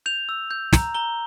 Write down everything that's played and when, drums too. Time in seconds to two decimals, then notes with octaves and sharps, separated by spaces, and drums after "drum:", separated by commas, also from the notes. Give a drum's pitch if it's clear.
0.06 G6 F7
0.29 E6
0.51 G6
0.73 A#5, drum: snare
0.95 A#5 G7